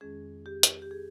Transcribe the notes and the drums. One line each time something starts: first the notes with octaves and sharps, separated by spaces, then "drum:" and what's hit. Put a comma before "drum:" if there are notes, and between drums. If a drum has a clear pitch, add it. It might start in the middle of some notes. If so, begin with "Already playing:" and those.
F2 D#3 G#3 C#4 G#4
G4
drum: hi-hat
G4
G#4